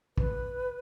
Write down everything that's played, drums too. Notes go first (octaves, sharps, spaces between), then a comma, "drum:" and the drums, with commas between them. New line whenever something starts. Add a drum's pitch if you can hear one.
B4, drum: kick